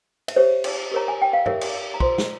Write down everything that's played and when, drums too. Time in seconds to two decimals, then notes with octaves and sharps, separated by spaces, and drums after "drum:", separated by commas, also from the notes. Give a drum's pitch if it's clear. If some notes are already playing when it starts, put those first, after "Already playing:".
0.28 E5, drum: cymbal
0.36 G4 C5 C#5
0.64 drum: cymbal
0.92 G4 A#4 C#5 A#5
1.08 G#5
1.22 G5
1.33 F5
1.46 G4 A#4 C#5 E5, drum: tom G2
1.61 drum: cymbal
1.94 A#5
2.00 F4 C5 C6, drum: kick
2.18 drum: snare